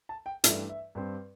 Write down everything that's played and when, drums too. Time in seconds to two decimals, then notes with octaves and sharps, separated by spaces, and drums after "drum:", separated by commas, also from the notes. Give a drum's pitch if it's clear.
0.09 A5
0.26 G5
0.44 G2 E3 A3 D4 E5, drum: hi-hat
0.69 E5
0.95 G2 G3 C4